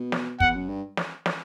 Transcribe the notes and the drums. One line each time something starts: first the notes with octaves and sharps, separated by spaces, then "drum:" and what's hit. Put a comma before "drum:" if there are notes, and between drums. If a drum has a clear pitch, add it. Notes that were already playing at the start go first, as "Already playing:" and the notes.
Already playing: B2
drum: snare
E2 F#5, drum: kick
F#2
G2
drum: snare
drum: snare